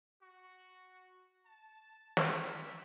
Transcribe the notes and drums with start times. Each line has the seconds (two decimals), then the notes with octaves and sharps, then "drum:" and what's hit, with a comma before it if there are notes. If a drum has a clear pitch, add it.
0.21 F#4
1.44 A5
2.17 drum: snare
2.36 E5